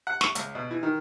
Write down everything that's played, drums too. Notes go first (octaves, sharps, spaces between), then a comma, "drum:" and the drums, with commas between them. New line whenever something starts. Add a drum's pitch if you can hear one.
F#5
C#6, drum: snare
C#2, drum: hi-hat
B2
E3
D#3